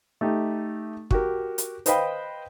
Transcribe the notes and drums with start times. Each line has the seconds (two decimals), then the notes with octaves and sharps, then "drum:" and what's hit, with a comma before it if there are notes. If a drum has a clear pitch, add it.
0.21 A3 D#4 G4
1.11 F#4 G4 A#4, drum: kick
1.58 drum: hi-hat
1.86 B4 C5 D#5 F5 G5 B5, drum: hi-hat